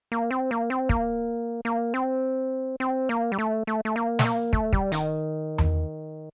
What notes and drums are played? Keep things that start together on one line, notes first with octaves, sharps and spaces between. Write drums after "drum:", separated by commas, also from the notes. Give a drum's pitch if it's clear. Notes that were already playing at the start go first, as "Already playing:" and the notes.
A#3
C4
A#3
C4
A#3, drum: kick
A#3
C4
C4
A#3
G3
A3
A3
A3
A#3
A3, drum: snare
A#3
A3, drum: kick
G3, drum: kick
D#3, drum: hi-hat
drum: tom E2